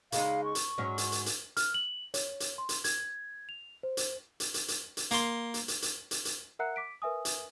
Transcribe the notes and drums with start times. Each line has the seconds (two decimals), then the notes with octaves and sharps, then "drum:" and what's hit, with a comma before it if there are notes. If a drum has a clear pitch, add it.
0.12 C#3 G#3 D#4 F5, drum: hi-hat
0.44 C#6
0.55 drum: hi-hat
0.78 G#2 F#3 C#4
0.98 drum: hi-hat
1.12 drum: hi-hat
1.26 drum: hi-hat
1.57 F6, drum: hi-hat
1.74 F#7
2.14 C#5, drum: hi-hat
2.40 drum: hi-hat
2.58 C6
2.69 drum: hi-hat
2.84 G#6, drum: hi-hat
3.49 F7
3.83 C5
3.97 drum: hi-hat
4.40 drum: hi-hat
4.54 drum: hi-hat
4.68 drum: hi-hat
4.97 drum: hi-hat
5.11 A#3 C6, drum: hi-hat
5.54 drum: hi-hat
5.68 drum: hi-hat
5.82 drum: hi-hat
6.11 drum: hi-hat
6.25 drum: hi-hat
6.59 A#4 E5 F#5 A#5 F#6 C#7
6.76 D6 B6 D7
7.02 A#4 B4 E5 G#5 D#6
7.25 drum: hi-hat